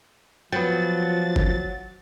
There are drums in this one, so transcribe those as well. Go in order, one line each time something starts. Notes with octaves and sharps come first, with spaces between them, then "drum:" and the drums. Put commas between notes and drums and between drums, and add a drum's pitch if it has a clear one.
F3 F#3 B3 F#5 G5 A6
drum: kick F#1